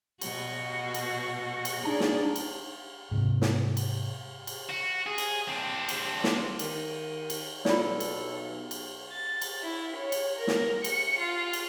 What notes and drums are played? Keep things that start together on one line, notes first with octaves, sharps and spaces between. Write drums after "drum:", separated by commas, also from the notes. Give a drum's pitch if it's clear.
B2 F#4, drum: cymbal
drum: cymbal
drum: cymbal
D4 D#4 G#4 D5
drum: snare
drum: cymbal
G#2 C3
drum: snare
drum: cymbal
drum: cymbal
F#4
G#4
drum: cymbal
C4 D4
drum: cymbal
drum: snare
D#3, drum: cymbal
drum: cymbal
B1 F4 A4 D5, drum: snare
drum: cymbal
drum: cymbal
A6
drum: cymbal
E4
C#5
drum: cymbal
A#4
drum: snare
C#7, drum: cymbal
F4
drum: cymbal